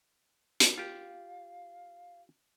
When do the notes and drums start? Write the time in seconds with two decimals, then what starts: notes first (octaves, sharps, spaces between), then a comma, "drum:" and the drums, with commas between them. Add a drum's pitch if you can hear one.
0.60 drum: hi-hat
0.78 F4 G4 F5